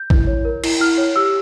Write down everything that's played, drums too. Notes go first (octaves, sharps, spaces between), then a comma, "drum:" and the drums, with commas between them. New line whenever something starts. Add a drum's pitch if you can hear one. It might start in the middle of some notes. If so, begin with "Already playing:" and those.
Already playing: G6
E4, drum: kick
C#5
A#4
E4, drum: cymbal
E4 F6
C#5
G4 E6